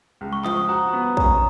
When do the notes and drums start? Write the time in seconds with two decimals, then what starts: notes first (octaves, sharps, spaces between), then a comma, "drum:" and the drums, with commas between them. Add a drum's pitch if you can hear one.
0.21 C#2
0.33 C#6
0.45 F3 D#6, drum: clap
0.57 C#6
0.69 F#4 A#5
0.93 B3
1.17 C#4 A#5, drum: kick